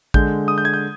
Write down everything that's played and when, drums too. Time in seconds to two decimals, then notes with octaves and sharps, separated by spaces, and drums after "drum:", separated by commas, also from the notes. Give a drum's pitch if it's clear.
0.14 D3 G#3 G6, drum: kick
0.48 D#6
0.58 G6
0.65 G#6
0.74 G6